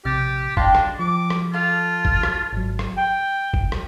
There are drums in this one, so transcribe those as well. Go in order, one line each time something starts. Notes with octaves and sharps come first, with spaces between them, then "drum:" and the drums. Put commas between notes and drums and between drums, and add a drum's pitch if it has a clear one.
A#1 C3 G4 F6 A6
D4 D#5 F5 G5 A5 C6, drum: kick
drum: rim click
F3 D6
drum: rim click
F4 A4 F5
drum: kick
drum: rim click
G#1 F#3
drum: rim click
G5
drum: kick
drum: rim click